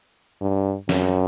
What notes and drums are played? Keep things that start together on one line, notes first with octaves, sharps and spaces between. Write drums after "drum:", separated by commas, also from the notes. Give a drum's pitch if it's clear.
G2
F#2, drum: snare